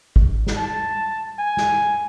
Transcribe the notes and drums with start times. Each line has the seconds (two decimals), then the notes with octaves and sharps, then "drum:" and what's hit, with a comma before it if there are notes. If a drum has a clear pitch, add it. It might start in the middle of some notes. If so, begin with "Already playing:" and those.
0.16 drum: kick
0.47 drum: snare
0.57 A5
1.39 G#5
1.57 drum: snare